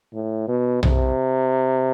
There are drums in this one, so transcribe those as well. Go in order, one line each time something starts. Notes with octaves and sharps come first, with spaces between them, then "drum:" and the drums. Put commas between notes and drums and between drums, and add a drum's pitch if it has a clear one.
A2
B2
C3, drum: tom B1